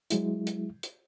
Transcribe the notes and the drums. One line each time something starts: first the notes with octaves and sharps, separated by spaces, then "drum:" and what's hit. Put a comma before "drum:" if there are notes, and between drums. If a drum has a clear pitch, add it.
F#3 G#3 E4, drum: hi-hat
drum: hi-hat
drum: hi-hat